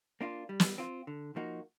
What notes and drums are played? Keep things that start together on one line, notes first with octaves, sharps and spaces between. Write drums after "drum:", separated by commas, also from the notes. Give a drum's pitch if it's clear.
A#3 D4 F4
G3
drum: snare
C4 F4
D3
F3 A#3 D#4 F#4